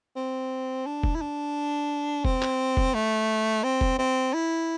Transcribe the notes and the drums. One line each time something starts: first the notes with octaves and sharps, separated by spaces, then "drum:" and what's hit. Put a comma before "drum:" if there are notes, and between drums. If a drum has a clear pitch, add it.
C4
D4
drum: kick F1
E4
D4
C4, drum: kick F1
drum: clap
drum: kick F1
A3
C4
drum: kick F1
C4
E4